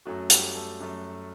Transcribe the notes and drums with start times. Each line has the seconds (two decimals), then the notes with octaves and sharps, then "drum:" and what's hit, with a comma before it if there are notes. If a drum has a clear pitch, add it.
0.05 F#2 F#3 A3 F#4
0.30 G3 G4, drum: hi-hat
0.55 A3 A4
0.80 F#2 F#3 A3